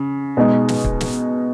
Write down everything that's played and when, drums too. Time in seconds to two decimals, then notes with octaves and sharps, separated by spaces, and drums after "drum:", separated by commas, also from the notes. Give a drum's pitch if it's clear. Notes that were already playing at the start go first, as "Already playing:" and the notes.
Already playing: C#3
0.37 B2 G#3 D#4
0.68 drum: snare
0.84 drum: kick
1.00 drum: snare